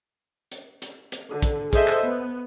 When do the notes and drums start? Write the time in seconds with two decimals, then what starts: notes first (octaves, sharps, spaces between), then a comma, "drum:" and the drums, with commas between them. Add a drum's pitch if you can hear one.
0.52 drum: hi-hat
0.82 drum: hi-hat
1.12 drum: hi-hat
1.30 D3
1.42 drum: kick, hi-hat
1.73 G#4 A4 C5 D#5 E5, drum: kick, hi-hat
1.88 drum: clap
2.06 B3